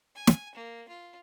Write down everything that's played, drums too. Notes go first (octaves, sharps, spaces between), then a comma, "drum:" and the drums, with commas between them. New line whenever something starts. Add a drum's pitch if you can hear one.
G#5
drum: snare
A#3
F4